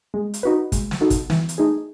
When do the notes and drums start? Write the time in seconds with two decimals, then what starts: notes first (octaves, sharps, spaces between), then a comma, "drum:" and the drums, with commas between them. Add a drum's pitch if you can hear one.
0.14 G#3
0.34 drum: hi-hat
0.43 D#4 F#4 B4
0.72 G#3, drum: kick, hi-hat
0.91 drum: snare
1.01 D#4 F#4 A4
1.10 drum: kick, hi-hat
1.30 E3, drum: snare
1.49 drum: hi-hat
1.58 A3 D#4 G#4